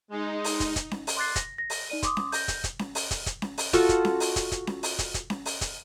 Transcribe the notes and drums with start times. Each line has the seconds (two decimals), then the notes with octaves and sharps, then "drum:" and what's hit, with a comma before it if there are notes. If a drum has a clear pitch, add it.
0.11 G#3 D#4
0.44 drum: open hi-hat
0.60 drum: kick, hi-hat
0.76 drum: kick, hi-hat
0.91 drum: snare C#4
1.07 drum: open hi-hat
1.17 C6 D6 F#6 A6 C7
1.36 A#6, drum: kick, hi-hat
1.58 A#6
1.70 drum: open hi-hat
1.90 D#4 D5 D#7
2.03 C6 D6 D#6, drum: kick, hi-hat
2.17 drum: snare C#4
2.32 G6 A#6, drum: open hi-hat
2.48 drum: kick, hi-hat
2.64 drum: kick, hi-hat
2.79 drum: snare C#4
2.95 drum: open hi-hat
3.11 drum: kick, hi-hat
3.26 drum: kick, hi-hat
3.42 drum: snare C#4
3.58 drum: open hi-hat
3.73 F4 F#4 A4 C#6, drum: kick, hi-hat
3.89 drum: kick, hi-hat
4.05 drum: snare C#4
4.20 drum: open hi-hat
4.36 drum: kick, hi-hat
4.52 drum: kick, hi-hat
4.67 drum: snare C#4
4.83 drum: open hi-hat
4.99 drum: kick, hi-hat
5.14 drum: kick, hi-hat
5.30 drum: snare C#4
5.46 drum: open hi-hat
5.61 drum: kick, hi-hat